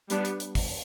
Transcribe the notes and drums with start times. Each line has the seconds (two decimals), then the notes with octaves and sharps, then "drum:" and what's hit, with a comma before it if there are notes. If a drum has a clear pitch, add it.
0.10 G3 B3 D4, drum: hi-hat
0.25 drum: hi-hat
0.40 drum: hi-hat
0.55 drum: kick G#1, open hi-hat